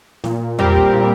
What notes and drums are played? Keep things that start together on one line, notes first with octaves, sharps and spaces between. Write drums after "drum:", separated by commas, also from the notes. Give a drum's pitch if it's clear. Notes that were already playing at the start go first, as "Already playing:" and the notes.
A#2, drum: snare
G3 C4 G4 A#4, drum: tom E2
drum: kick
A#2